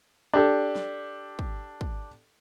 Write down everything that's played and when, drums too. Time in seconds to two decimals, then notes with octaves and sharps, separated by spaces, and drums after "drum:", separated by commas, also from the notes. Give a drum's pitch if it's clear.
0.34 D4 G4 A4
0.76 drum: snare
1.39 drum: kick
1.81 drum: kick